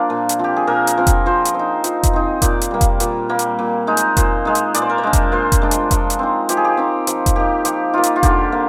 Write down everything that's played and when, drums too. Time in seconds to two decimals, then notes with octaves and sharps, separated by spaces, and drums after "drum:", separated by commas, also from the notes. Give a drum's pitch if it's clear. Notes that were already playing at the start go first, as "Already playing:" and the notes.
Already playing: F3 A#3 D4 D5
0.10 A#2
0.29 drum: hi-hat
0.39 F3 C4 G4
0.56 G#4
0.67 A#2 A#4
0.87 drum: hi-hat
0.98 F3 C4
1.07 drum: kick F1, hi-hat
1.26 F3 C5
1.45 drum: hi-hat
1.54 C4 D#4
1.84 F3, drum: hi-hat
2.03 drum: kick F1, hi-hat
2.13 C4 D#4
2.42 A#2 D5, drum: kick F1, hi-hat
2.61 drum: hi-hat
2.71 G3 A#3
2.81 drum: kick F1, hi-hat
3.00 A#2, drum: hi-hat
3.29 G3 A#3
3.39 drum: hi-hat
3.59 A#2
3.87 G#3 D#4
3.97 drum: hi-hat
4.17 A#2 C5, drum: kick F1, hi-hat
4.45 G#3 D#4
4.55 drum: hi-hat
4.74 A#2 D5, drum: hi-hat
4.82 C5
4.90 A#4
4.98 C5
5.03 G#3 D4
5.13 drum: kick F1, hi-hat
5.32 A#2 C5
5.52 drum: kick F1, hi-hat
5.62 G#3 D4
5.71 drum: hi-hat
5.91 F3, drum: kick F1, hi-hat
6.10 drum: hi-hat
6.19 C4 D#4
6.49 F3 G4, drum: hi-hat
6.57 G#4
6.65 G4
6.77 C4 D#4
7.07 F3, drum: hi-hat
7.26 drum: kick F1, hi-hat
7.36 A#3 D#4 G4
7.65 F3 G4, drum: hi-hat
7.94 A#3 D#4 F4
8.04 drum: hi-hat
8.16 F4
8.23 D3 G4, drum: kick F1, hi-hat
8.52 A#3